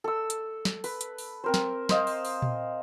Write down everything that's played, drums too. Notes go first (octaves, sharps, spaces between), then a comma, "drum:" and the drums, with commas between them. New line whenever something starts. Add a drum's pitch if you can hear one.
A4 E6
drum: hi-hat
drum: snare
B4, drum: open hi-hat
drum: hi-hat
drum: open hi-hat
C4 A#4 C5
drum: snare
C5 D#5 F5, drum: snare
drum: open hi-hat
drum: open hi-hat
drum: tom A#2